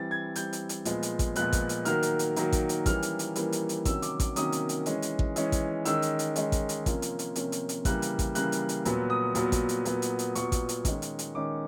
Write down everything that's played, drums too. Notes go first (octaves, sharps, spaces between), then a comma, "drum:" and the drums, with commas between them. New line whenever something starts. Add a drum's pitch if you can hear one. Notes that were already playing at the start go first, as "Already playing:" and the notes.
Already playing: E3 G3 C4 A6
G#6
E3 G3 C4 G6, drum: hi-hat
drum: hi-hat
drum: hi-hat
A#2 F3 G#3 B3, drum: hi-hat
drum: hi-hat
drum: kick A1, hi-hat
A#2 F3 G#3 B3 F#6, drum: hi-hat
drum: kick A1, hi-hat
drum: hi-hat
D#3 F#3 A#3 F6, drum: hi-hat
drum: hi-hat
drum: hi-hat
D#3 F#3 A#3, drum: hi-hat
drum: kick A1, hi-hat
drum: hi-hat
E3 G3 A#3 C#4 F6, drum: kick A1, hi-hat
drum: hi-hat
drum: hi-hat
E3 G3 A#3 C#4, drum: hi-hat
drum: hi-hat
drum: hi-hat
C3 D#3 F#3 A#3 C#4 E6, drum: kick A1, hi-hat
D6, drum: hi-hat
D6, drum: kick A1, hi-hat
C3 D#3 F#3 A#3 C#4 D#6, drum: hi-hat
drum: hi-hat
drum: hi-hat
E3 G#3 C#4, drum: hi-hat
drum: hi-hat
drum: kick A1
E3 G#3 C#4, drum: hi-hat
drum: kick A1, hi-hat
D#3 G#3 C#4 E6, drum: hi-hat
drum: hi-hat
drum: hi-hat
D#3 G#3 C#4, drum: hi-hat
drum: kick A1, hi-hat
drum: hi-hat
C3 F3 A#3 C#4, drum: kick A1, hi-hat
drum: hi-hat
drum: hi-hat
C3 F3 A#3 C#4, drum: hi-hat
drum: hi-hat
drum: hi-hat
C#3 E3 G3 A#3 F#6, drum: kick A1, hi-hat
drum: hi-hat
drum: kick A1, hi-hat
C#3 E3 G3 A#3 F#6, drum: hi-hat
drum: hi-hat
drum: hi-hat
A#2 F#3 B3, drum: hi-hat
D#6
A#2 F#3 B3, drum: hi-hat
drum: kick A1, hi-hat
drum: hi-hat
A#2 F#3 B3, drum: hi-hat
drum: hi-hat
drum: hi-hat
A#2 F#3 B3 C#6, drum: hi-hat
drum: kick A1, hi-hat
drum: hi-hat
D#3 G#3 C#4, drum: kick A1, hi-hat
drum: hi-hat
drum: hi-hat
D#3 G#3 C#4 D6